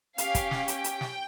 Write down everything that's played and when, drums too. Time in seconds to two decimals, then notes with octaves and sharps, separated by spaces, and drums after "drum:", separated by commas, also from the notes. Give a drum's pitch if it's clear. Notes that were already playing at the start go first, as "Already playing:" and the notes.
0.18 C#4 G4 F5, drum: hi-hat
0.35 drum: kick, hi-hat
0.51 drum: snare
0.68 G5, drum: hi-hat
0.84 drum: hi-hat
1.01 drum: snare